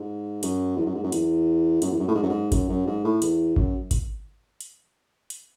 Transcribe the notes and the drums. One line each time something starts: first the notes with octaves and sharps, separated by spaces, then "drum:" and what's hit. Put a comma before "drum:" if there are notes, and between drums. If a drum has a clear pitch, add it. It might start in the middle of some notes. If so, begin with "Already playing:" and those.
Already playing: G#2
F#2, drum: hi-hat
E2
F#2
G#2
F#2
E2, drum: hi-hat
F#2, drum: hi-hat
E2
F#2
A2
G#2
F#2
G#2
F#2, drum: kick G#1, hi-hat
F#2
G#2
A2
E2, drum: hi-hat
F#2, drum: kick G#1
drum: kick G#1, hi-hat
drum: hi-hat
drum: hi-hat